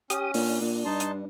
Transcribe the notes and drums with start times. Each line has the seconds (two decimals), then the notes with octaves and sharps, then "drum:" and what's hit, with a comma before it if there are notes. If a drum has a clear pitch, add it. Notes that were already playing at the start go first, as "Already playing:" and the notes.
0.10 C#4 G4 D#6, drum: hi-hat
0.34 A#2 D4, drum: open hi-hat
0.61 A#2
0.85 G2 D#4 A5 C6
1.00 drum: hi-hat